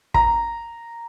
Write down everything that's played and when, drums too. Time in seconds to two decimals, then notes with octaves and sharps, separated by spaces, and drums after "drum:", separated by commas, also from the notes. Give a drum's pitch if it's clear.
0.14 A#5, drum: kick